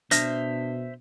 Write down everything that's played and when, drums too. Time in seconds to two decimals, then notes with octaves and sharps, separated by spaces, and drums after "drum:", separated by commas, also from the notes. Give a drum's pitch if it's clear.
0.11 B2 D4 C5 E5 F6 A#6, drum: hi-hat